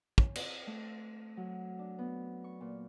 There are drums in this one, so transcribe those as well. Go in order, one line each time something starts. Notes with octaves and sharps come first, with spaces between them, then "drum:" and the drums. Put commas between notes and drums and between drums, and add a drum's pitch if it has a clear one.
C#4, drum: kick
C4, drum: cymbal
A3
F#3
D4
B3
C#6
A#2